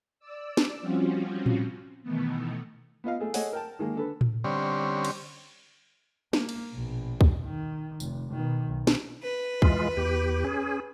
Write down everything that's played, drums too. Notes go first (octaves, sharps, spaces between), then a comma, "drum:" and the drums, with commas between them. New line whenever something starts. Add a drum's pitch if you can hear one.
D5 E6
drum: snare
F3 G3 C4 C#4 F4 F#4
drum: tom A2
B2 D#3 E3 A3 B3
B3 F4 D#5 F5
A3 G#4 A4
A3 G#4 C#5 D#5 F#5, drum: open hi-hat
A#4 G5 A5
D#3 G#3 A#3
D3 A4 B4
drum: tom A2
D3 G3 C4 C#4
drum: cymbal
A#3, drum: snare
drum: cymbal
A#1 B2
drum: kick
D#3
F1, drum: tambourine
B2 D#3
B1
drum: snare
B4
E3 G#3 F4, drum: kick
E2 G4
C#4 G#4